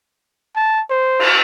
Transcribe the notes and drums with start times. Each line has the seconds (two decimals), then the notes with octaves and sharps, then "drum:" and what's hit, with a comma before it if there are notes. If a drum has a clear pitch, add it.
0.56 A5
0.90 C5
1.19 drum: cymbal